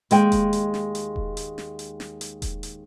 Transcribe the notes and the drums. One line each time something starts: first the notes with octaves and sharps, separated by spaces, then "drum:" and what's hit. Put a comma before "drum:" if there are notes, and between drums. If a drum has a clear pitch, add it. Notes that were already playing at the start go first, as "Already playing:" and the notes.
D#2 G#3 G5, drum: hi-hat
drum: kick E1, hi-hat
drum: hi-hat
drum: snare
drum: hi-hat
drum: kick E1
drum: hi-hat
drum: snare
drum: hi-hat
drum: snare
drum: hi-hat
drum: kick E1, hi-hat
drum: hi-hat